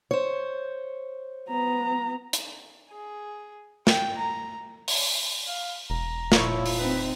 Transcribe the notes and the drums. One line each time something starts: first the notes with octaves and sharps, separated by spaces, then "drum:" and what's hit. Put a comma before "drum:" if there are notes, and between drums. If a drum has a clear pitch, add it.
C5 C#5
B3 A#5
drum: hi-hat
G#4
G5, drum: snare
A#5
drum: open hi-hat
F5
E1 A#5
A#2 F3 E4 C#5, drum: snare
drum: open hi-hat
C4 D#4 B4